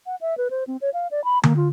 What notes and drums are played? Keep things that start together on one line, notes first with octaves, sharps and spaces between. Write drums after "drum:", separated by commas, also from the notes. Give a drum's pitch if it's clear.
F#5
E5
B4
C5
C4
C#5
F5
D5
B5
A#3, drum: tom D3
F4